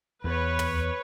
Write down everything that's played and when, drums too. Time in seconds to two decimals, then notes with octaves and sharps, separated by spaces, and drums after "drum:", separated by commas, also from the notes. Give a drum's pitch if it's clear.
0.24 E2 B4 C#5
0.59 drum: tom